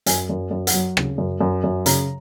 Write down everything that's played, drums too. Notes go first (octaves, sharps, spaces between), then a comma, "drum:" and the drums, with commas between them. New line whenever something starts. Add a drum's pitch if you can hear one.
F#2 G#5, drum: hi-hat
F#2
F#2
F#5, drum: hi-hat
F#3
C#3, drum: rim click
F#2
F#2
F#2
C#3 A#5, drum: hi-hat